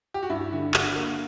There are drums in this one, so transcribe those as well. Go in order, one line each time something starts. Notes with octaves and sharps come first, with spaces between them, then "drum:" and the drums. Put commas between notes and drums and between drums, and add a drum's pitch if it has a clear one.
G4
F#4
G2 E4
D3
D3 F#4, drum: clap
A#3